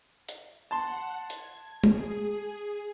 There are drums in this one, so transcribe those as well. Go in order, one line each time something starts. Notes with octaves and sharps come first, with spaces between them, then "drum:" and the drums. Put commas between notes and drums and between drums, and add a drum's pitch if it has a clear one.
drum: hi-hat
F#5 A5 C6
G#6, drum: hi-hat
G#4, drum: tom